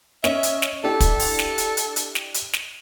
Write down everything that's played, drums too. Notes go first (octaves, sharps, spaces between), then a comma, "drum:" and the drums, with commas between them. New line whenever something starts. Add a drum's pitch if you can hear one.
C#4 D#5 E5, drum: snare
drum: hi-hat
drum: snare
D4 E4 G4 A4
drum: kick, hi-hat
drum: open hi-hat
drum: snare
drum: hi-hat
drum: hi-hat
drum: hi-hat
drum: snare
drum: hi-hat
drum: snare